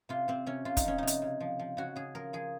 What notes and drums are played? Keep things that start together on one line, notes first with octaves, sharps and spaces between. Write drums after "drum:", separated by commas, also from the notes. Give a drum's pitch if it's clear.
C3 F4
C3 C4
C3 C#4
C3 F4
D#4, drum: kick, hi-hat
F3 C#4
C3 D#4
drum: hi-hat
C#3
F3
F3
C#3 F#4
C#3 G#4
F3 A#4
F3 G#4